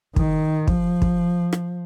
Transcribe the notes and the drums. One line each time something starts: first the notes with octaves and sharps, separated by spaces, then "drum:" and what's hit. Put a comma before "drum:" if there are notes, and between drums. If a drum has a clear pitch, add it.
D#3, drum: kick
F3, drum: kick
drum: kick
drum: rim click